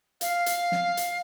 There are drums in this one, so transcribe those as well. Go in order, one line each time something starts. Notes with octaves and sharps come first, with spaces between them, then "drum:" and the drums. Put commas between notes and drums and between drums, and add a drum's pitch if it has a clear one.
F5, drum: hi-hat
drum: hi-hat
drum: snare
drum: hi-hat